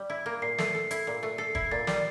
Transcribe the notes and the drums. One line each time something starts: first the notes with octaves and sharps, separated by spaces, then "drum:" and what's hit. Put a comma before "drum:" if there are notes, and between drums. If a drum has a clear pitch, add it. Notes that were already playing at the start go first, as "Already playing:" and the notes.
Already playing: G3
E4
A#3
A#2 C7
A3, drum: snare
A4
E4, drum: hi-hat
A#2
A3
A4 C7
E4, drum: kick
A#2 A6
G3, drum: snare